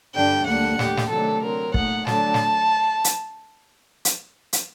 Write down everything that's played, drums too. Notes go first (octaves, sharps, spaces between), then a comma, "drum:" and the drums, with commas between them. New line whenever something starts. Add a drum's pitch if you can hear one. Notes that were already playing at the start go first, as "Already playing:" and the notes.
G2 D3 G3 D4 G5
D2 D3 G3 A#3 D4 F#5
D#2 D3 A3 G4, drum: snare
drum: snare
C3 D#3 F#3 A3 D4 A4
D3 F#3 C4 A#4
A#2 A3 D#4 F#5, drum: kick
D3 F#3 A3 D4 A5, drum: snare
drum: snare
drum: hi-hat
drum: hi-hat
drum: hi-hat